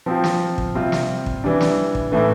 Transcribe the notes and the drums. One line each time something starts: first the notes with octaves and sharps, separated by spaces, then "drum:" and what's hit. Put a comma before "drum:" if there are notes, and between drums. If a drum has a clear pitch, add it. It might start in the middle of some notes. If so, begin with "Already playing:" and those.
F3 C4 F4
drum: snare
drum: kick
C3 G3 C4 F4
drum: snare
drum: kick
E3 G3 D4
drum: snare
drum: kick
A2 E3 A3